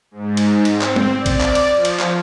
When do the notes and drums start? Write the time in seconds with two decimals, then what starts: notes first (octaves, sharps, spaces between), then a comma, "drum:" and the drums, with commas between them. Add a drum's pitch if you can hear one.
0.11 G#2
0.37 drum: cymbal
0.65 C4, drum: cymbal
0.82 drum: clap
0.96 drum: tom G3
1.16 D5
1.26 drum: kick, cymbal
1.41 drum: clap
1.55 drum: cymbal
1.70 F3
1.85 drum: cymbal
2.00 drum: clap